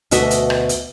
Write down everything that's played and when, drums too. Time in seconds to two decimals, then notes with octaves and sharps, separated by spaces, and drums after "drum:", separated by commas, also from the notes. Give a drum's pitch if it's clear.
0.11 D2 B2 F#4 D#5 E5, drum: hi-hat
0.31 drum: hi-hat
0.50 drum: rim click
0.69 drum: hi-hat